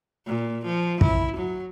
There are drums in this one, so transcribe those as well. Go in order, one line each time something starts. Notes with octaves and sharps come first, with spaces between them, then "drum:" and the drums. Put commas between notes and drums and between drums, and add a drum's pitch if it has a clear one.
A#2
F3
E4, drum: kick
F#3